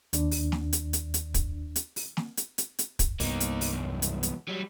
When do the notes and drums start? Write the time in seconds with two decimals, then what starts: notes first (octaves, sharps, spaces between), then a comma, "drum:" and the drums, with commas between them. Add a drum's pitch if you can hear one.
0.13 D#2 D4, drum: hi-hat
0.31 drum: open hi-hat
0.52 drum: snare
0.73 drum: hi-hat
0.93 drum: hi-hat
1.14 drum: hi-hat
1.34 drum: kick, hi-hat
1.76 drum: hi-hat
1.96 drum: open hi-hat
2.17 drum: snare
2.37 drum: hi-hat
2.58 drum: hi-hat
2.79 drum: hi-hat
2.99 drum: kick, hi-hat
3.20 C2 G2 A#3 B3 D#4, drum: open hi-hat
3.40 drum: hi-hat
3.61 drum: open hi-hat
3.73 B1 E2
4.02 drum: hi-hat
4.23 drum: hi-hat
4.48 F#3 G3